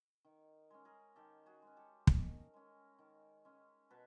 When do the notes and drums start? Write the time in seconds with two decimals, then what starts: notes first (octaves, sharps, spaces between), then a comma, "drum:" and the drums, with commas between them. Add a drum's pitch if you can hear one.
0.25 D#3
0.70 G#3 C#4
0.85 G#4 A#4
1.16 D#3 G4 A4
1.46 F#4 G#4
1.62 G#3 C#4
1.77 G4 A4
2.07 D#3 G#4 A#4, drum: kick
2.54 G#3 C#4
2.98 D#3
3.45 G#3 C#4
3.90 B2 A4 B4